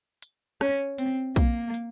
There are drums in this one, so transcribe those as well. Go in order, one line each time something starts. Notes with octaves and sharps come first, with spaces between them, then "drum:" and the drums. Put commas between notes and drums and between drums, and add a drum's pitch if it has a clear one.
drum: hi-hat
C#4, drum: rim click
C4, drum: hi-hat
A#3, drum: kick, hi-hat
drum: hi-hat